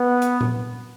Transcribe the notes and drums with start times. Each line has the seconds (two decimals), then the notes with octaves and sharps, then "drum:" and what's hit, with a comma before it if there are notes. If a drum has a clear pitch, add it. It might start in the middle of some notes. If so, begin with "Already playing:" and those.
Already playing: B3
0.22 drum: hi-hat
0.41 drum: tom A#2